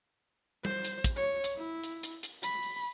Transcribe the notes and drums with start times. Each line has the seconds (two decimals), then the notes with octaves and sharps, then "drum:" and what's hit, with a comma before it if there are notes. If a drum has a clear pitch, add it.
0.65 C5, drum: tom G3
0.85 drum: hi-hat
1.04 drum: kick, hi-hat
1.16 C#5
1.44 drum: hi-hat
1.58 E4
1.84 drum: hi-hat
2.03 drum: hi-hat
2.23 drum: hi-hat
2.43 B5, drum: hi-hat
2.63 drum: open hi-hat